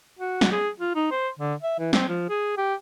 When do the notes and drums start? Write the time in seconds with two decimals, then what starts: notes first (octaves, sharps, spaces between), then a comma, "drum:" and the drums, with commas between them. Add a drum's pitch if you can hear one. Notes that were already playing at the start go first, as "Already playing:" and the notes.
0.19 F#4
0.41 drum: snare
0.52 G#4
0.80 F4
0.95 D#4
1.11 C5
1.39 D3
1.63 E5
1.79 E3
1.93 C4, drum: snare
2.09 F3
2.29 G#4
2.57 G4